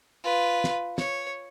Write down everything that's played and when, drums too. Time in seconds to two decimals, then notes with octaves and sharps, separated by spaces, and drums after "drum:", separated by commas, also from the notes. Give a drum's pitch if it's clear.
0.24 F4 B4
0.64 drum: snare
0.98 C#5, drum: snare